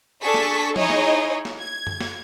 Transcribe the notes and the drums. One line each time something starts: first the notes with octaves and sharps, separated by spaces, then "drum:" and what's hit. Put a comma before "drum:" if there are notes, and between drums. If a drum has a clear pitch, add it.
D4 G#4 A4 C#6 B6
drum: snare
D#4 E4 G#4 C#5 D#5, drum: tom F3
drum: snare
drum: snare
G#6
drum: tom F#2
drum: snare